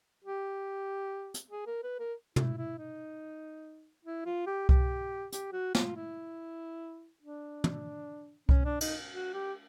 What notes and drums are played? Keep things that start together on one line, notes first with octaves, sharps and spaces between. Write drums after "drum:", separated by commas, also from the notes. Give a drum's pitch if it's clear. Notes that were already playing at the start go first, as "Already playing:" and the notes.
G4
drum: hi-hat
G#4
A#4
B4
A#4
E4, drum: tom
E4
D#4
E4
F4
G4
G4, drum: kick C2
G4, drum: hi-hat
F#4
F4, drum: snare
E4
D4
drum: tom
C#4, drum: kick C2
D4
D#4, drum: cymbal
F#4
G4